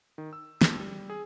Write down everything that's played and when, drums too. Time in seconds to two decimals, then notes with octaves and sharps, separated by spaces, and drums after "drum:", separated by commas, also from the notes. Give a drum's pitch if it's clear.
0.18 D#3
0.33 E6
0.61 D#2, drum: snare
0.80 G3
1.10 G#4